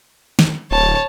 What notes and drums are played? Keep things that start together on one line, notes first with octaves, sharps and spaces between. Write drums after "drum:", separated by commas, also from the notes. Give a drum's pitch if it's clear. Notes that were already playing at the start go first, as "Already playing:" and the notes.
drum: snare
D1 C#5 A5